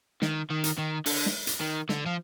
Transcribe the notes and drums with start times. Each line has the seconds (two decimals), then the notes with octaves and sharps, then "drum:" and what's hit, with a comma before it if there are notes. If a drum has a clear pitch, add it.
0.22 D#3, drum: snare
0.50 D#3
0.64 drum: hi-hat
0.78 D#3
1.06 D3, drum: open hi-hat
1.26 drum: snare
1.47 drum: hi-hat
1.61 D#3
1.89 D3, drum: snare
2.06 F3